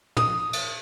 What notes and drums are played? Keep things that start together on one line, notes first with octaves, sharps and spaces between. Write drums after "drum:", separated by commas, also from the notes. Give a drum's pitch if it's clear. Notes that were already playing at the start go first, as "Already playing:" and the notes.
D#6, drum: tom
drum: cymbal